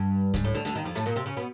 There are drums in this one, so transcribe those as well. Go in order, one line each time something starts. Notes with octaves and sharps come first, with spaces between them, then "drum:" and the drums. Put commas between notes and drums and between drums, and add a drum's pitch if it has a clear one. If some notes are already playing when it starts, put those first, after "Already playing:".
Already playing: G2
G#2, drum: kick C#2, hi-hat
A2
D2 D3
D2 D3, drum: hi-hat
D#2 D#3
F2 F3
A2 A3, drum: hi-hat
A#2 A#3
C3 C4
C#3 C#4
B2 B3